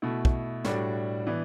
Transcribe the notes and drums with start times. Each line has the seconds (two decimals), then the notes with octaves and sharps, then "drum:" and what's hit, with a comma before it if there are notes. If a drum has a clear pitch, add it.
0.02 B2 A3 E4
0.25 drum: kick
0.65 A2 G3 D4 F#4, drum: snare
1.27 E3 B3 D4